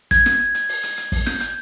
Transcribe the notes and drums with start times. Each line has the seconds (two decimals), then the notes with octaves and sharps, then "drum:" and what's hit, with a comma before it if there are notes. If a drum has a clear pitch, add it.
0.11 G#6, drum: kick, hi-hat
0.26 drum: snare
0.55 drum: hi-hat
0.69 drum: open hi-hat
0.83 drum: hi-hat
0.98 drum: hi-hat
1.12 drum: kick, open hi-hat
1.26 G6, drum: snare
1.40 G6, drum: hi-hat